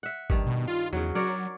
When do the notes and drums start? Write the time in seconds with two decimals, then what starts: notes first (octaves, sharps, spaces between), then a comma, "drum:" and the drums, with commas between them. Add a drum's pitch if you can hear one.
0.03 E5 F#5
0.30 G2 D#3, drum: kick
0.46 B2
0.67 F4
0.93 E2 C#3 F#3
1.15 F#3 A#4 C#5 D5